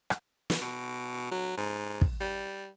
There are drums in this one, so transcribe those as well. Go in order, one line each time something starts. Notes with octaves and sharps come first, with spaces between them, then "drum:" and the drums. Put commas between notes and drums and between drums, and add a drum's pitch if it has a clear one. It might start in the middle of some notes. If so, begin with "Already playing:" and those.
drum: rim click
drum: snare
B2
F#3
G#2
drum: kick
G3